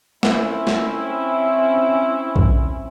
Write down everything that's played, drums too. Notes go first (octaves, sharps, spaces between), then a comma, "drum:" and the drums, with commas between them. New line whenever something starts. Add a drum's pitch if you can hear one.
C4 C#4 E4, drum: snare
drum: snare
drum: kick A#1